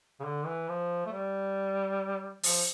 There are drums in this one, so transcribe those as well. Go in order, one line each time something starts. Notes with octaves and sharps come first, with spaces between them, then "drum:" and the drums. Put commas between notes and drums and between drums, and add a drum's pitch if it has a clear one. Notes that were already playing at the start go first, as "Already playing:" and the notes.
C#3
D3
E3
F3
A3
G3
F3, drum: open hi-hat